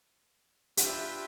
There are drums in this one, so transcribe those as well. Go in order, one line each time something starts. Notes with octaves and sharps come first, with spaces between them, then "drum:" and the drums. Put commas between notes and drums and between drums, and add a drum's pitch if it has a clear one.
D4 F4 G4 B4 E5 G5, drum: hi-hat